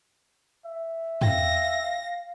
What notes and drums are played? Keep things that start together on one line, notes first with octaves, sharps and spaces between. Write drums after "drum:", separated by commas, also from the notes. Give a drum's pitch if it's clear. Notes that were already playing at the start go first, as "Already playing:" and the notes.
E5
F5 G5 A#6, drum: tom